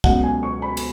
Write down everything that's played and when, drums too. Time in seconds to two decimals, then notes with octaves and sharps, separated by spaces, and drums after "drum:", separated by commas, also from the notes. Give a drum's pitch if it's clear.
0.04 C#2 B2 F#3 F#5, drum: kick
0.23 G#5
0.43 C#6
0.62 B5
0.77 drum: cymbal